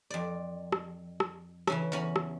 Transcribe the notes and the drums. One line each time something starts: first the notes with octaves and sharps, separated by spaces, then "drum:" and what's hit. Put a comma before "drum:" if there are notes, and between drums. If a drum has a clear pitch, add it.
F2 D5
drum: rim click
drum: rim click
C#3 E3 C#4, drum: rim click
E2 C#4 B5
drum: rim click